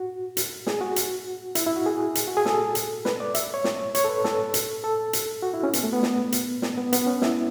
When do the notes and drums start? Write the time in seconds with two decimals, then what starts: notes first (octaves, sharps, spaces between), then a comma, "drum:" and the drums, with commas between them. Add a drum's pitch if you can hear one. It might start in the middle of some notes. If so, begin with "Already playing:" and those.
Already playing: F#4
0.37 drum: hi-hat
0.67 G#4, drum: snare
0.81 F#4
0.96 drum: hi-hat
1.55 E4, drum: hi-hat
1.66 E4
1.76 F#4
1.86 G#4
2.15 drum: hi-hat
2.28 F#4
2.37 G#4
2.46 A4, drum: snare
2.75 drum: hi-hat
3.05 B4, drum: snare
3.20 D5
3.35 E5, drum: hi-hat
3.54 C#5
3.64 drum: snare
3.95 C#5, drum: hi-hat
4.04 A4
4.09 B4
4.25 A4, drum: snare
4.54 drum: hi-hat
4.84 A4
5.13 drum: hi-hat
5.42 F#4
5.54 E4
5.63 C#4
5.73 B3, drum: hi-hat
5.83 A3
5.93 B3
6.03 drum: snare
6.32 drum: hi-hat
6.62 drum: snare
6.78 B3
6.93 B3, drum: hi-hat
7.07 C#4
7.22 E4, drum: snare